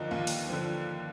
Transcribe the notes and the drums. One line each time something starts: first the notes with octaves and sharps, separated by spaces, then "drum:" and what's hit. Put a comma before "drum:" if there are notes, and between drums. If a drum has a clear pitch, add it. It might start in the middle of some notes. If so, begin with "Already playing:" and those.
Already playing: D#2 D3 F3 A#3 D4 D#4
D#2 F4
drum: open hi-hat
D3 F3